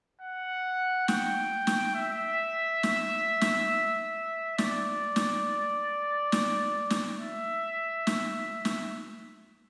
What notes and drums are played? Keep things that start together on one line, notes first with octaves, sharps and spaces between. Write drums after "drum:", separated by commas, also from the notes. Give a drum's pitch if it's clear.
F#5
G5, drum: snare
drum: snare
E5
drum: snare
drum: snare
D5, drum: snare
drum: snare
drum: snare
drum: snare
E5
drum: snare
drum: snare